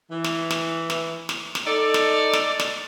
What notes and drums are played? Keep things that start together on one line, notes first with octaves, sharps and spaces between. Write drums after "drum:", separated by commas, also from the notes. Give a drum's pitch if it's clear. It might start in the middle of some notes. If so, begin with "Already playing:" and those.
E3
drum: snare
drum: snare
drum: snare
drum: snare
drum: snare
D#4 A4 D5
drum: snare
drum: snare
drum: snare